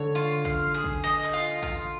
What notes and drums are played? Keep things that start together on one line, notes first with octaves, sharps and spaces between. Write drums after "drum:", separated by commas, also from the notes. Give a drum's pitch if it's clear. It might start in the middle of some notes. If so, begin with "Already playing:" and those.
Already playing: D3 C#5
F4
F5, drum: kick
G#4
drum: kick
D#5
drum: clap
F4
F4, drum: kick